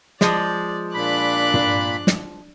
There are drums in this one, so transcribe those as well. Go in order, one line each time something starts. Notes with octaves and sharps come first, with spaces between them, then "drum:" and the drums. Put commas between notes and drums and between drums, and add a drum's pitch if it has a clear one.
F3 G#3 D5, drum: snare
A#2 D4 B5 D6 F#6
drum: tom
drum: snare